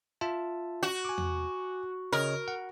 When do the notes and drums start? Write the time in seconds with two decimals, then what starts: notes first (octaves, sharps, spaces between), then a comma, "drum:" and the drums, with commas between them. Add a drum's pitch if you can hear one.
0.21 F4 E5 A5
0.83 F#4
1.05 G#5 D6
1.18 drum: tom E2
2.12 C#3 A#4 C#5 D#5
2.48 F#5